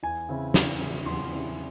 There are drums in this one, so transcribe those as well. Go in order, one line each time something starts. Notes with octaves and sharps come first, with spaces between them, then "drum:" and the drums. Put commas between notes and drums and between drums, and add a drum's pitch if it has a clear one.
E2 G#5
C#3 E3 C4 E4
E2, drum: snare
C#3 E3 C4 E4
E2 C6
C#3 E3 C4 E4